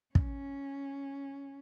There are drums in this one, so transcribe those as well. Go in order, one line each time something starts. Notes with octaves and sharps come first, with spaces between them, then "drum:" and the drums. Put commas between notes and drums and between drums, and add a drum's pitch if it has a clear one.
C#4, drum: kick